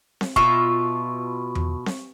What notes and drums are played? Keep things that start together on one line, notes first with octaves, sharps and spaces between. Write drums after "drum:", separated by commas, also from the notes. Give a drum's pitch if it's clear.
drum: snare C4
B2 F4 E5 C#6, drum: kick
drum: tom E2
drum: snare C4